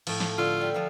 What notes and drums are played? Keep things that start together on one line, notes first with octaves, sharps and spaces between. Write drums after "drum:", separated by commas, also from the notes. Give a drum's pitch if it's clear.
A2 F3, drum: cymbal
drum: snare
D3 F4
G3
F3 F5